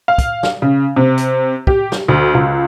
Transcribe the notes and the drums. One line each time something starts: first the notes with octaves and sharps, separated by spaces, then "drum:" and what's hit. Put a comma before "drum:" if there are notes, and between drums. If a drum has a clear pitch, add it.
F5
drum: kick, hi-hat
drum: snare
C#3
C3
drum: hi-hat
G4, drum: kick
drum: snare
D2
C#2